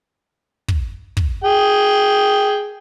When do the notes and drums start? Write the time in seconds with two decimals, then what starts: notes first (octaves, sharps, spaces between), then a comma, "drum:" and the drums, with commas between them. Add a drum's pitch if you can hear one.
0.68 drum: kick
1.17 drum: kick
1.44 G#4 G5